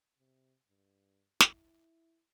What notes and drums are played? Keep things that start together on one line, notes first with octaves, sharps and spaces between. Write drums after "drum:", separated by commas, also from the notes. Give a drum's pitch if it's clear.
C3
G2
E4, drum: snare